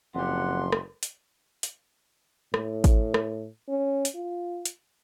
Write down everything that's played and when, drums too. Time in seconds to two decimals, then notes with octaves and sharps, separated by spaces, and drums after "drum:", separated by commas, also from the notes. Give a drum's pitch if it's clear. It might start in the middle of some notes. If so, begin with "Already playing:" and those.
0.15 F#1 F2 G4 F#5 C6
0.72 drum: rim click
1.03 drum: hi-hat
1.63 drum: hi-hat
2.54 A2, drum: rim click
2.84 drum: kick G#1, hi-hat
3.14 drum: rim click
3.69 C#4
4.05 drum: hi-hat
4.15 F4
4.65 drum: hi-hat